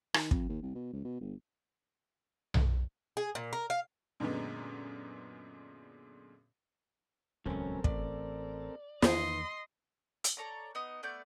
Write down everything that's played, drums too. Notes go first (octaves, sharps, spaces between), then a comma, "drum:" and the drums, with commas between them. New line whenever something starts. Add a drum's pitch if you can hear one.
D#3, drum: rim click
F2, drum: kick
D#2
C2
B2
C#2
B2
G1
drum: tom B1
G#4
A#2
A#4
F5
F#2 A#2 D3 G#3 B3
D#1 C#2 F#2 C4 C#4 A4 A#4
A1 D5, drum: kick
E2 D#3 A#3 D#4 B4 D#5 C6, drum: snare
drum: hi-hat
A4 C#5 D5 A#5
B3 D#4 D#5
A3 B3 D5 G6